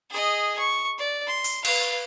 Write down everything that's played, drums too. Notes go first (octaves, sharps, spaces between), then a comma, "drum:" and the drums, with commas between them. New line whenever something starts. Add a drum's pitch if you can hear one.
G#4 D#5
C#6
D5
C6
drum: open hi-hat
B4 F5, drum: cymbal